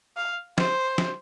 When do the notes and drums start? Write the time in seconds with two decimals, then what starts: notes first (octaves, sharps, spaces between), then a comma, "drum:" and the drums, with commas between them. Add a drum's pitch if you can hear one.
0.17 F5
0.58 C5, drum: snare
0.98 drum: snare